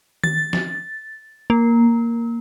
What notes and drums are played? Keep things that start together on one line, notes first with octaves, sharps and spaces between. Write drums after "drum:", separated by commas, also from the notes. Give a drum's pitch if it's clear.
A6, drum: tom D#3
drum: snare
A#3